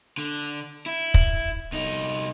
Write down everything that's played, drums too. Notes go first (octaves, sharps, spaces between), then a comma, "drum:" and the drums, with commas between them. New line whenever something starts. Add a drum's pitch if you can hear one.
D3
E4
drum: kick
C2 D#4